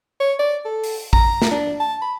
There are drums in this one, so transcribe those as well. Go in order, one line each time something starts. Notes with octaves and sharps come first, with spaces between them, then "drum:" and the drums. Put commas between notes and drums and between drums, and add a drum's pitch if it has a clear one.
C#5
D5
A4
drum: open hi-hat
A#5, drum: kick
drum: snare
D4
A5
B5